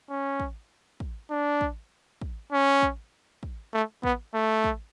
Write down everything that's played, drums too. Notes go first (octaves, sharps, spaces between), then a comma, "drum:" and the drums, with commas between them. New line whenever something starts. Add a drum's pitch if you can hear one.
C#4
drum: kick
drum: kick
D4
drum: kick
drum: kick
C#4
drum: kick
drum: kick
A3
B3, drum: kick
A3
drum: kick